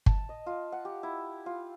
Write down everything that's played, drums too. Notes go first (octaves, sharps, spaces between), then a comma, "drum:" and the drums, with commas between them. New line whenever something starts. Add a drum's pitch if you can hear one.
A5, drum: kick G1
D#5
F4
F#5
G4
E4
F4